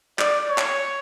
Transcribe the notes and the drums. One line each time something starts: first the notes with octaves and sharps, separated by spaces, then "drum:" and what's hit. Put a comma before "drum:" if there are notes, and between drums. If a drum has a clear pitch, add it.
D5, drum: clap
C#5
drum: clap